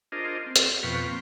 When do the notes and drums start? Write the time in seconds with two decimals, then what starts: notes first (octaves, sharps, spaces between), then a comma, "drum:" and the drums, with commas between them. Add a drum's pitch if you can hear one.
0.12 D4 F4 G#4 A#4 C5 D#5
0.46 C4
0.56 drum: hi-hat
0.83 F2 B2 B4 F5 G5 C#6
1.07 A#3 C4